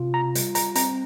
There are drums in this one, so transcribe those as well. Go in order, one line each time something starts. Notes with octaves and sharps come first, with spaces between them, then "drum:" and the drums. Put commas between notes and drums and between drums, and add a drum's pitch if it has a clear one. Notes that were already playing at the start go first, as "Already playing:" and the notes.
Already playing: C3 F4
A#5
G3, drum: hi-hat
A#5, drum: hi-hat
C4 A#5, drum: hi-hat